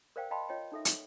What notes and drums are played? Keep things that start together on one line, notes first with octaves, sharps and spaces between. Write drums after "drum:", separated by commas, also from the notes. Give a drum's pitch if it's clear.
A#4 C5 D5 F5 G5
D#5 F5 G5 A5 B5 C6
F4 C#5 D#5 G5
D#4 A4 E5
drum: hi-hat